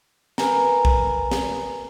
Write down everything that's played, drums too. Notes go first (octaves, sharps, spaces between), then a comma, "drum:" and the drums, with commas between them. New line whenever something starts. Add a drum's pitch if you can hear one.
A#4 B4 G#5 A#5, drum: snare
drum: kick
drum: snare